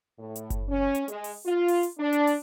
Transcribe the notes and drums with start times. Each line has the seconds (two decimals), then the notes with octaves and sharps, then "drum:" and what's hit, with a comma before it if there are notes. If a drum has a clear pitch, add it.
0.18 A2
0.36 drum: hi-hat
0.50 drum: kick F#1, hi-hat
0.68 C#4
0.95 drum: hi-hat
1.08 G#3, drum: hi-hat
1.24 drum: open hi-hat
1.45 F4
1.68 drum: open hi-hat
1.83 drum: hi-hat
1.98 D4
2.13 drum: hi-hat
2.27 drum: open hi-hat